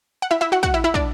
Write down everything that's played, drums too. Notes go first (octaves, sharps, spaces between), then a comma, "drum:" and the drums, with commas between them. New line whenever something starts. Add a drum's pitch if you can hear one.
F#5
E4 E5
E4 E5
F#4 F#5
F#4 F#5, drum: kick
E4 E5
E4 E5
D4 D5, drum: kick